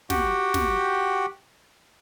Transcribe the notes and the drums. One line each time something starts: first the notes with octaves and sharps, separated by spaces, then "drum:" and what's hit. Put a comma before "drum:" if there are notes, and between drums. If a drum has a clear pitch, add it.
F#4 G4 F#5 G5, drum: snare
drum: snare